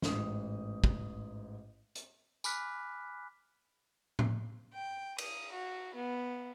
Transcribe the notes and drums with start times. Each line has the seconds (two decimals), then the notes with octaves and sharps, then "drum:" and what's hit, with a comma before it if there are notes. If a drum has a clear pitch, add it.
0.02 A1 G#2 D#6, drum: snare
0.84 drum: kick
1.95 drum: hi-hat
2.44 G#5 B5 D6 F6 F#6 B6, drum: tambourine
4.19 drum: tom A2
4.73 G5
5.18 D#6, drum: cymbal
5.51 F#4
5.94 B3